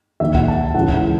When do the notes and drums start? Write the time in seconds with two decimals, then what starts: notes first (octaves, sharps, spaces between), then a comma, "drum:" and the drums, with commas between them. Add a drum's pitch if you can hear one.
0.20 D#2 D#3 E5
0.35 F#5, drum: kick C#2
0.48 A5
0.75 C#2 C#3 E3 F#5
0.89 drum: kick C#2